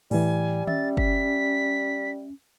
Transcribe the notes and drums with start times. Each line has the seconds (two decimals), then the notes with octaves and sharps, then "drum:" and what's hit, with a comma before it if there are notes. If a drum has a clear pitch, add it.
0.11 A2 E3 G3 G#5, drum: open hi-hat
0.67 C#4 E5 A6, drum: tom D#3
0.97 B6, drum: kick